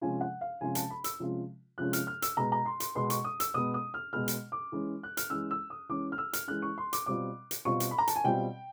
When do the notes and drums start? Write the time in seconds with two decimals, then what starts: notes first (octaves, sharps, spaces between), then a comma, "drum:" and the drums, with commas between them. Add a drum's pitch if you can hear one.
0.01 C3 F3 G#3 C#4 F4 G#5
0.21 F#5
0.41 F5
0.61 C3 F3 G#3 C#4 F4 G#5
0.75 A5, drum: hi-hat
0.90 B5
1.04 E6, drum: hi-hat
1.20 C3 F3 G#3 C#4 F4
1.78 C3 F3 G#3 C#4 F4 F#6
1.93 F6, drum: hi-hat
2.07 F6
2.22 E6, drum: hi-hat
2.37 B2 G#3 B3 A#5
2.52 A#5
2.65 C6
2.80 C6, drum: hi-hat
2.95 B2 G#3 B3 C6
3.10 C#6, drum: hi-hat
3.24 D#6
3.40 E6, drum: hi-hat
3.54 B2 G#3 B3 D#6
3.74 D#6
3.94 F6
4.13 B2 G#3 B3 F6
4.28 drum: hi-hat
4.52 D6
4.72 E3 G#3 C#4
5.03 F#6
5.17 F6, drum: hi-hat
5.30 E3 G#3 C#4 E6
5.51 E6
5.70 D#6
5.89 E3 G#3 C#4 D6
6.12 F6
6.18 E6
6.33 F6, drum: hi-hat
6.48 E3 G#3 C#4 F#6
6.62 C#6
6.78 C6
6.93 D6, drum: hi-hat
7.06 B2 G3 C4 F4 D6
7.51 drum: hi-hat
7.65 B2 G3 C4 F4 C#6
7.80 drum: hi-hat
7.91 B5
7.98 A#5
8.07 A5, drum: hi-hat
8.16 G#5
8.24 B2 G3 C4 F4 G5